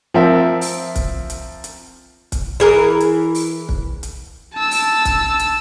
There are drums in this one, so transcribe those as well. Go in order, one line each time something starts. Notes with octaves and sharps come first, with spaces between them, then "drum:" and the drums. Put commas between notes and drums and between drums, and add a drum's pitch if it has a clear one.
F3 C4 A#4 E5
drum: open hi-hat
drum: kick, hi-hat
drum: hi-hat
drum: hi-hat
drum: kick, hi-hat
E3 G#4 A#4
drum: hi-hat
drum: open hi-hat
drum: kick
drum: hi-hat
A5 E6
drum: open hi-hat
drum: kick, hi-hat
drum: hi-hat